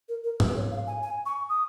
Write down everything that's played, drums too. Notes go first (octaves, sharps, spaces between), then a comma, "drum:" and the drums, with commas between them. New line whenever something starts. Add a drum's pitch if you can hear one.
A#4
A#4
B4, drum: tom G#2
C#5
F5
G#5
G#5
C#6
D#6